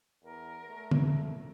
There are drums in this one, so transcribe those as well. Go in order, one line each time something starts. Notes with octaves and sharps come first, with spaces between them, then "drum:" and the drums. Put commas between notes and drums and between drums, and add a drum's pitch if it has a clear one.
E2 A#4
A3
drum: tom